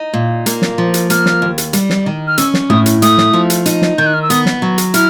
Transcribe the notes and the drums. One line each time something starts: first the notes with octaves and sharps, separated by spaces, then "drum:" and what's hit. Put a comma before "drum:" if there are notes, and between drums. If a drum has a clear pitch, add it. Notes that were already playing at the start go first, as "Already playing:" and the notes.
Already playing: D#4
A#2
A#3, drum: hi-hat
drum: snare
F3
drum: hi-hat
A#3 F6, drum: hi-hat
drum: snare
D#2
drum: hi-hat
G3, drum: hi-hat
drum: snare
D#3
F6
C#4 E6, drum: hi-hat
drum: snare
A2 D#6, drum: tom
drum: hi-hat
A3 D#6, drum: hi-hat
drum: snare
F3
drum: hi-hat
D#4, drum: hi-hat
drum: snare
D#3 G6
F#6
F6
E6
B3 D#6, drum: hi-hat
drum: snare
F#3
drum: hi-hat
E4 F6, drum: hi-hat